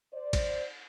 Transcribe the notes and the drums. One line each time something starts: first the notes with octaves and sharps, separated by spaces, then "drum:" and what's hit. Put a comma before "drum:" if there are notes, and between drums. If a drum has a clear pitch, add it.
C5 D5
drum: kick, cymbal